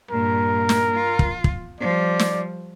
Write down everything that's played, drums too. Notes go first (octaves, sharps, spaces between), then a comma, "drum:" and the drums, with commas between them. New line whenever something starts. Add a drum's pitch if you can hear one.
G2 A#2 A#4
drum: snare
F4
drum: kick
drum: kick
F3 G3 D5
drum: snare